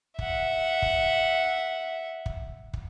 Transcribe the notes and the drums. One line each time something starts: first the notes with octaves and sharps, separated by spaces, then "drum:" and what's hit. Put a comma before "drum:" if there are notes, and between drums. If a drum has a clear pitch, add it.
E5 F#5, drum: kick
drum: kick
drum: kick
drum: kick